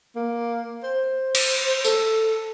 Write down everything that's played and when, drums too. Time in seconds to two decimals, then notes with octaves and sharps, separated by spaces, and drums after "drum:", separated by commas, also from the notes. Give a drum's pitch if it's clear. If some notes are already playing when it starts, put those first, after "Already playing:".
0.16 A#3
0.83 C5
1.35 drum: cymbal
1.85 A4, drum: tambourine